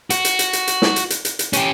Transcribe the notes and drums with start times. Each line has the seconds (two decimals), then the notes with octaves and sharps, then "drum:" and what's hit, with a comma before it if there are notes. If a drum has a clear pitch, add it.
0.10 F#4, drum: hi-hat
0.25 drum: hi-hat
0.39 drum: hi-hat
0.53 drum: hi-hat
0.67 drum: hi-hat
0.82 drum: snare
0.96 drum: hi-hat
1.10 drum: hi-hat
1.25 drum: hi-hat
1.39 drum: hi-hat
1.53 C#4 G4, drum: hi-hat